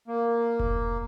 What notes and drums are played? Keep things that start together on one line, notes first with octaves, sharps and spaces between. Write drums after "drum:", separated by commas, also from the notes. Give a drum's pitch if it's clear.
A#3
drum: kick F1